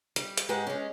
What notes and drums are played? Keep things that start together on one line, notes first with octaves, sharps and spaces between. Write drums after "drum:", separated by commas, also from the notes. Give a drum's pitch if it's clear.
G3, drum: hi-hat
drum: hi-hat
G#2 G#3 G4 B4 F#5
G#3 C#4